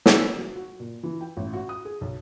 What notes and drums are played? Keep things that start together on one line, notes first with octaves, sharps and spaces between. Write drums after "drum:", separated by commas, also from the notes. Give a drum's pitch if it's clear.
E6, drum: snare
F#3
F#4
A#2
E3
G5
A1
F#4
D#6
G#4
B1